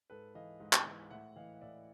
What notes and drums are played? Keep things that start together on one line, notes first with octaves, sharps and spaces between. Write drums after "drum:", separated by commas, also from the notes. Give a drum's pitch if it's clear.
G#2 A4 B4
E3 D#5 F5
G#2
drum: clap
E3
A2 E5 F#5
E3 D#5 F5
F5
A2 D5 E5